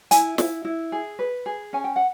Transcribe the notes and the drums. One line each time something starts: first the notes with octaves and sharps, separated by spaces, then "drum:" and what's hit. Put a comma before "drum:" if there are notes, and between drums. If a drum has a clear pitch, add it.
E4 G#5, drum: hi-hat
E4, drum: snare
E4
G#4
B4
G#4
C#4 G#5
G5
F#5